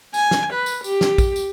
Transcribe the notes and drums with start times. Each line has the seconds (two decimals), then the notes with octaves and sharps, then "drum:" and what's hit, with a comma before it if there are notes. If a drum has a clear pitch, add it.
0.14 G#5, drum: tambourine
0.31 drum: snare
0.53 B4
0.66 drum: tambourine
0.84 G4, drum: tambourine
1.01 drum: snare
1.18 drum: kick, tambourine
1.36 drum: tambourine